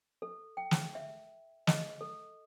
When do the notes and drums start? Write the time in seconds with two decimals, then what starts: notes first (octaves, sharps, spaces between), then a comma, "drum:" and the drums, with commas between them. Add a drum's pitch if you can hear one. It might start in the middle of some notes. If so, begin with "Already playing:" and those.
0.22 A4
0.57 G5
0.71 drum: snare
0.95 E5
1.67 D#5, drum: snare
2.01 A4